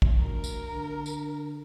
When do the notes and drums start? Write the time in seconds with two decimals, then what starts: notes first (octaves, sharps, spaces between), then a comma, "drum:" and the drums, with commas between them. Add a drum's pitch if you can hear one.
0.02 drum: kick
0.22 D2 A#4
0.44 drum: tambourine
0.71 D3
1.06 drum: tambourine